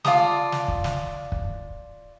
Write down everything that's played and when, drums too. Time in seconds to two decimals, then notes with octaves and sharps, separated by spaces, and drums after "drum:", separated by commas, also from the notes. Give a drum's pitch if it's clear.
0.05 F4 D5 A5 D#6, drum: snare
0.52 drum: snare
0.68 drum: kick
0.84 drum: snare
1.32 drum: kick